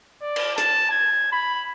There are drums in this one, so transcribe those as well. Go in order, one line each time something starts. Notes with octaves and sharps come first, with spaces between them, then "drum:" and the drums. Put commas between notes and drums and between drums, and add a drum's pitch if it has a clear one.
D5
drum: cymbal
A5, drum: hi-hat
G#6
B5